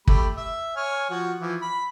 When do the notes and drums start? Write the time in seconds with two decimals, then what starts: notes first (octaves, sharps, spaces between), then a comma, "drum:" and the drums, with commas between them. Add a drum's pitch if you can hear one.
0.07 A3 G4 B5, drum: kick
0.37 E5
0.76 C#5 G#5 F6
1.10 F3 F#4
1.40 E3 F3
1.62 B5